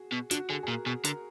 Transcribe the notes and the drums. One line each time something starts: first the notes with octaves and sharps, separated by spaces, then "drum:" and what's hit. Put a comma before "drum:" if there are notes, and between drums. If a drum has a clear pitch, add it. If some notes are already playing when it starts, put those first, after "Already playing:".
Already playing: F#4 G#4
B2
D3 F#4, drum: hi-hat
D3 G#4
G#4
A#2 A#4
B2 G#4
D3 A#4, drum: hi-hat